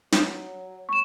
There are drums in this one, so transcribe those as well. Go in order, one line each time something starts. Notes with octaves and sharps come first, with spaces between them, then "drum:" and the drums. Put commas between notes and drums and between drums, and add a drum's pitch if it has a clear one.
F#3, drum: snare
C#6 E7